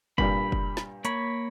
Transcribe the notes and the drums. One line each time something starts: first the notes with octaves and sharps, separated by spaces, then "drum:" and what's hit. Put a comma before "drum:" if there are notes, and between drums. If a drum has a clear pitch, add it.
G2 A#2 G3 B5, drum: kick F1
drum: kick F1
drum: snare
A#3 C#5 B5, drum: hi-hat